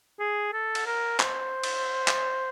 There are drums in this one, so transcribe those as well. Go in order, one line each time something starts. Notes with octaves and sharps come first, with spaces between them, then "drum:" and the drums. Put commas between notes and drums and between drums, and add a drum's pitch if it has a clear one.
G#4
A4
drum: cymbal
A#4
C5, drum: clap
drum: cymbal
drum: clap